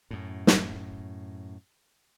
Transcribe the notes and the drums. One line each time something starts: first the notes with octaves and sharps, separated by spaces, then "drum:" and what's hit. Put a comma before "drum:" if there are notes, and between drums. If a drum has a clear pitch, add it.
F#2 A2
drum: snare